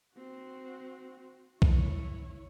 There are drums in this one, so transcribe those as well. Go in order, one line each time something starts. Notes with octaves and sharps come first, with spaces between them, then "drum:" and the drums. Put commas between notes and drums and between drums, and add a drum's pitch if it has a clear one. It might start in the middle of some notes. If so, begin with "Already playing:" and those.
C4 F#4
E4 C#5, drum: kick B1